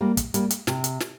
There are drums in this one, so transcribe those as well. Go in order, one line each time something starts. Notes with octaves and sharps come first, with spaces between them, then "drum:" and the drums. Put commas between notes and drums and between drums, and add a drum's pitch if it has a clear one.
G3 A#3
drum: kick, hi-hat
G3 A#3, drum: hi-hat
drum: hi-hat
C3, drum: snare
drum: hi-hat
drum: snare